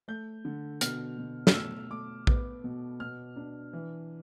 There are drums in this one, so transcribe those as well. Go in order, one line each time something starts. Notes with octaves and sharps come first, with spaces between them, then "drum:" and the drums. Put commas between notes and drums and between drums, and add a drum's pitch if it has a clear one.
A3 G6
D3
B2 F6, drum: hi-hat
B2
F6, drum: snare
A3 E6
A3 D6
B3, drum: kick A#1
B2
B2 F6
D4
E3